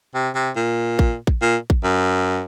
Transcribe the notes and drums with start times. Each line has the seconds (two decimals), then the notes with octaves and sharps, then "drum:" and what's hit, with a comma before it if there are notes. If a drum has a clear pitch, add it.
0.14 C3
0.35 C3
0.56 A#2
0.99 drum: kick A1
1.27 drum: kick A1
1.41 A#2
1.70 drum: kick A1
1.84 F#2